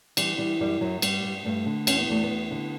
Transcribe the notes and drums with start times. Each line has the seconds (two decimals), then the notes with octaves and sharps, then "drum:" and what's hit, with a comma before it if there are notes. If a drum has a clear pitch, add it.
0.17 E3 G3, drum: cymbal
0.38 E3 G3
0.60 F#2 G3
0.81 F#2 F#3
1.02 G2 G3, drum: cymbal
1.24 G2
1.45 G2 A3
1.66 D3
1.87 E2 C#4, drum: cymbal
2.00 B3
2.09 E2 A3
2.23 B3
2.31 E2
2.51 D3